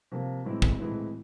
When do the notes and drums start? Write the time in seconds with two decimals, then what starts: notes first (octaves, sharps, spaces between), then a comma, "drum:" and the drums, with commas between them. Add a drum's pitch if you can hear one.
0.12 C3 F3 A#3
0.45 A2 E3 G#3 C4 E4
0.62 drum: kick
0.79 A2 E3 G#3 C4 E4